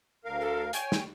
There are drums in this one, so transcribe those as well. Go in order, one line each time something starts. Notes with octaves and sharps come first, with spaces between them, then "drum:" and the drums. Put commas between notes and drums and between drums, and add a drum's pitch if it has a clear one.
D2 A#4 F5
A4
C#5 G5 G#5, drum: hi-hat
drum: snare